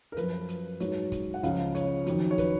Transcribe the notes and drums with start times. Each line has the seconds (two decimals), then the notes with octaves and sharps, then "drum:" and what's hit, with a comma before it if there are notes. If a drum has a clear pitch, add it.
0.12 A#4
0.17 F#2 F3 B4, drum: hi-hat
0.49 drum: hi-hat
0.80 G#2 F#3 C#5, drum: hi-hat
1.12 drum: kick, hi-hat
1.34 F#5
1.43 C#2 C#3 F3 F5, drum: hi-hat
1.75 C#5, drum: hi-hat
2.06 F2 D#3 F#3, drum: hi-hat
2.31 C#5
2.38 B4, drum: kick, hi-hat